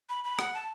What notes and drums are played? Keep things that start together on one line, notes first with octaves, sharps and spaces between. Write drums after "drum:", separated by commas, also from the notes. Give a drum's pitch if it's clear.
B5
B5
F#5, drum: rim click
A5